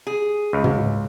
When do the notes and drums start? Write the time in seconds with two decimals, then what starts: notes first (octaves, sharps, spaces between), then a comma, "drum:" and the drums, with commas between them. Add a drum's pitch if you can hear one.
0.07 G#4
0.53 C#2
0.64 drum: tom